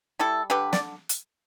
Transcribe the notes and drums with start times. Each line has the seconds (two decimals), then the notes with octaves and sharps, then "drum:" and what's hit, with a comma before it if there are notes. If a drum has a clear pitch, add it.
0.19 G3 E4 A4
0.50 D3 G4 B4
0.73 D5, drum: snare
1.09 drum: hi-hat